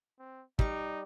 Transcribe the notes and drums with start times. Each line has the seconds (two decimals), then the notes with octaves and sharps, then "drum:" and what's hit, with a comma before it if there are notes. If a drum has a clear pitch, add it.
0.19 C4
0.59 G3 D#4 C#6, drum: kick